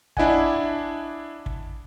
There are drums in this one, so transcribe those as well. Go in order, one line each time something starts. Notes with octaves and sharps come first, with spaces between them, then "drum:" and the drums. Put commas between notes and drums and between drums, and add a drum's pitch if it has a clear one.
D4 E4 D#5 F#5 G#5, drum: kick
drum: kick